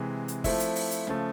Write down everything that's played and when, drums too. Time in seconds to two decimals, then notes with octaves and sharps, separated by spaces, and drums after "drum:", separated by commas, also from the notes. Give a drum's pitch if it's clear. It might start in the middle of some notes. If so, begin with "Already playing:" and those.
Already playing: C3 E3 G#3
0.28 drum: hi-hat
0.44 F3 A3 C4 E4, drum: kick, open hi-hat
0.60 drum: hi-hat
0.75 drum: open hi-hat
0.91 drum: hi-hat
1.07 C#3 F3 A3, drum: snare